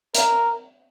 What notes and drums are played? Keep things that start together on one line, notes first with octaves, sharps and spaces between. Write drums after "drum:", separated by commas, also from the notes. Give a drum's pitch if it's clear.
A#4, drum: hi-hat